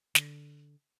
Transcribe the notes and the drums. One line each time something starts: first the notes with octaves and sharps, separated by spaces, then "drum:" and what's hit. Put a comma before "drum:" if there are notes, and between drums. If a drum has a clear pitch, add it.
D3, drum: snare